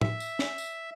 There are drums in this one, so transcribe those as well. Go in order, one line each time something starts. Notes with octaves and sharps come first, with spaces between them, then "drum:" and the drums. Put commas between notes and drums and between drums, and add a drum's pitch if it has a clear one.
E5, drum: tom A2
drum: tambourine
drum: snare
drum: tambourine